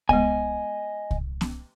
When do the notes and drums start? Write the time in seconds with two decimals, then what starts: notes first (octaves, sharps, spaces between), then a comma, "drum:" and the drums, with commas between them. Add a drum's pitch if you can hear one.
0.09 G#3 B3 D#5 G#5, drum: kick C2
1.11 drum: kick C2
1.41 drum: snare B3